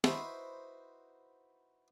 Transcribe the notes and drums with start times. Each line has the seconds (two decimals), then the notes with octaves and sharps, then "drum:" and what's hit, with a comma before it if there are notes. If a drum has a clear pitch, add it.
0.04 D#4 E4 F#4 B4 C5, drum: snare